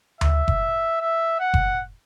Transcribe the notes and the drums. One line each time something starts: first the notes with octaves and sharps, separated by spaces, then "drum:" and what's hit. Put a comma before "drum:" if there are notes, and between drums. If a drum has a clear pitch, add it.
E5, drum: tom D2
drum: kick F#1
E5
F#5
drum: kick F#1